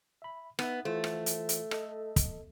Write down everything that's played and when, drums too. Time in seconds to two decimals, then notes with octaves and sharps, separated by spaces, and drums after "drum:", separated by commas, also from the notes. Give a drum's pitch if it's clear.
0.22 E5 B5
0.59 B3 D#4 E5, drum: rim click
0.85 E3 A3 F4 C5
1.04 drum: rim click
1.26 drum: hi-hat
1.49 drum: hi-hat
1.71 A4 D#5, drum: rim click
2.16 drum: kick, hi-hat